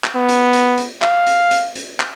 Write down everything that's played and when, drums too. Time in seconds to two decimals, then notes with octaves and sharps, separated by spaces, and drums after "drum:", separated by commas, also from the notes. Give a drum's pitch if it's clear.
0.04 drum: clap
0.15 B3
0.29 drum: hi-hat
0.53 drum: hi-hat
0.78 drum: hi-hat
1.02 F5, drum: clap
1.27 drum: hi-hat
1.51 drum: hi-hat
1.75 drum: hi-hat
2.00 drum: clap